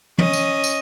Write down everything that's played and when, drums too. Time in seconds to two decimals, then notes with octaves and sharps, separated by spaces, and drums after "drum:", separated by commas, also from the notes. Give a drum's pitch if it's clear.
0.18 C#4 D#5, drum: tom
0.33 drum: tambourine
0.64 drum: tambourine